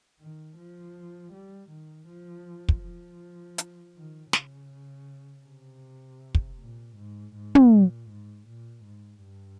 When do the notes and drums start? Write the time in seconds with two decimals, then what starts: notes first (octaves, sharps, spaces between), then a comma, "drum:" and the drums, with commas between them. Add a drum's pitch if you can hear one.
0.20 D#3
0.57 F3
1.33 G3
1.70 D#3
2.08 F3
2.69 drum: kick
2.83 F3
3.58 drum: hi-hat
3.96 D#3
4.33 C#3, drum: snare
5.46 C3
6.35 drum: kick
6.59 A#2
6.96 G#2
7.34 G#2
7.55 drum: tom
7.72 A#2
8.09 G#2
8.47 A#2
8.84 G#2
9.22 G2